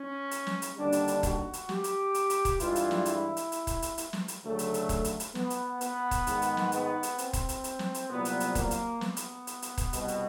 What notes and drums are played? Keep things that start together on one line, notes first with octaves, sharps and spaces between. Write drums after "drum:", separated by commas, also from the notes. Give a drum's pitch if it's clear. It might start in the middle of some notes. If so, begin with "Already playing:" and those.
Already playing: C#4
drum: hi-hat
drum: snare
drum: hi-hat
D#2 D3 G3 D4
drum: hi-hat
drum: hi-hat
F#4, drum: kick D#1, hi-hat
drum: hi-hat
G4, drum: snare
drum: hi-hat
drum: hi-hat
drum: hi-hat
drum: kick D#1, hi-hat
G2 E3 G#3 F4, drum: hi-hat
drum: hi-hat
drum: snare
E4, drum: hi-hat
drum: hi-hat
drum: hi-hat
drum: kick D#1, hi-hat
drum: hi-hat
drum: hi-hat
drum: snare
drum: hi-hat
D2 C#3 F#3 A3
drum: hi-hat
drum: hi-hat
drum: kick D#1, hi-hat
drum: hi-hat
drum: hi-hat
B3, drum: snare
drum: hi-hat
B3, drum: hi-hat
drum: kick D#1, hi-hat
G#2 D#3 G#3, drum: hi-hat
drum: hi-hat
drum: snare
B3, drum: hi-hat
drum: hi-hat
C4, drum: hi-hat
drum: kick D#1, hi-hat
drum: hi-hat
drum: hi-hat
drum: snare
drum: hi-hat
C2 A#2 F#3 B3
drum: hi-hat
drum: hi-hat
A#3, drum: kick D#1, hi-hat
drum: hi-hat
B3, drum: snare
drum: hi-hat
drum: hi-hat
drum: hi-hat
drum: kick D#1, hi-hat
C2 B2 G3, drum: hi-hat
drum: hi-hat